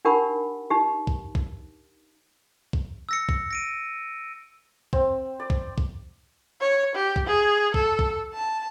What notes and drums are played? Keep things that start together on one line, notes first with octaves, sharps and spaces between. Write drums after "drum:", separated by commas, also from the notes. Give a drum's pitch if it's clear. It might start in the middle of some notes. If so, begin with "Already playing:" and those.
D4 D#4 G4 A#4 F#5 B5
D#4 G4
drum: kick
drum: kick
drum: kick
E6 A#6 C#7
drum: kick
A#6 D7 D#7
C4, drum: kick
D5
drum: kick
drum: kick
C#5
G4
drum: kick
G#4
A4, drum: kick
drum: kick
A5